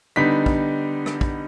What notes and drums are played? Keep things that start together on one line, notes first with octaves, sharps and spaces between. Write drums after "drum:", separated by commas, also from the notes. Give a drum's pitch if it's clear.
D3 G3 B3 D#4 B6
drum: kick
drum: rim click
drum: kick